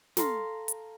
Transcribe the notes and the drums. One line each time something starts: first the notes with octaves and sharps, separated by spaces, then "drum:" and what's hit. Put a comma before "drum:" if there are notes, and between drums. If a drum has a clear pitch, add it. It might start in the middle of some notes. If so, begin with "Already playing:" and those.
A4 F5 A#5 C6, drum: snare
drum: hi-hat